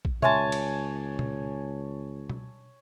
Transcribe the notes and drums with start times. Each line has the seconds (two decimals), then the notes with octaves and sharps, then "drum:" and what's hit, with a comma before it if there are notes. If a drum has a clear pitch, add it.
0.05 drum: kick
0.22 C#2 C#5 E5 G#5 A5 C6, drum: tom
0.52 drum: cymbal
1.19 drum: tom
2.30 drum: tom B2